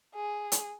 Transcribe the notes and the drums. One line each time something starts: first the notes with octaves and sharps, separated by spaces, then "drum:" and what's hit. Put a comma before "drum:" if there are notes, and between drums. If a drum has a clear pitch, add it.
G#4
drum: hi-hat